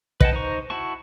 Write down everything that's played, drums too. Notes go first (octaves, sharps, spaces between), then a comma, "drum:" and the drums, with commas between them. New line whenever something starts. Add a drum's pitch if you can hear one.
B4 D#5 F#5 G5 A5, drum: kick
D#4 C5 A#5 C#6
E4 F#4 A5 C#6